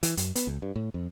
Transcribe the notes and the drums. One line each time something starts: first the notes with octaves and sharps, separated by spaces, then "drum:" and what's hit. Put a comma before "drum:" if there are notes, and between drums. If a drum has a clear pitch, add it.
E3, drum: hi-hat
F#2, drum: hi-hat
B3, drum: hi-hat
C#2
G2
A2
F2